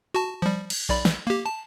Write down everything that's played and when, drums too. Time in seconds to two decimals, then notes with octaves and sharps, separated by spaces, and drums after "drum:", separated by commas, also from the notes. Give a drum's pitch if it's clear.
0.14 F#4 A5
0.42 F3 G3
0.70 drum: cymbal
0.89 B1 D5 B5
1.05 drum: snare
1.27 A#3 G4
1.46 A5